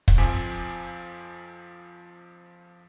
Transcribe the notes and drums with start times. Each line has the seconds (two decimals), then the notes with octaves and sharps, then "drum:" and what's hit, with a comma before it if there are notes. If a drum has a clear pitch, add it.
0.08 drum: kick
0.18 F2 F3 C4 G#5 D6 B6